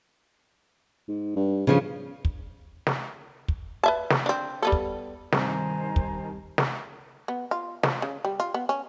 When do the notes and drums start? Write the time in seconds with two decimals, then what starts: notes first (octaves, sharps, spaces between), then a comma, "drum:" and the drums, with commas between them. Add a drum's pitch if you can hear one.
1.08 G#2
1.36 G2
1.67 G2 C#3 F3 C#4
2.25 drum: kick
2.87 drum: snare
3.48 drum: kick
3.83 B4 E5 A5
4.10 drum: snare
4.26 C4 D4
4.62 G3 B3 A4
4.72 drum: kick
5.32 G2 C3 D#3 C5 G#5 A#5, drum: snare
5.96 drum: kick
6.58 drum: snare
7.28 B3
7.51 F4
7.83 F3, drum: snare
8.02 C#3
8.25 G3
8.40 F4
8.54 B3
8.69 C#4